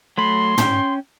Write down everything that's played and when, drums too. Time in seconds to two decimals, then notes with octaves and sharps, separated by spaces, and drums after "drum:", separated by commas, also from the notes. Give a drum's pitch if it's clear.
0.18 F#3 A3 B5 C6
0.58 C#4 G5, drum: tom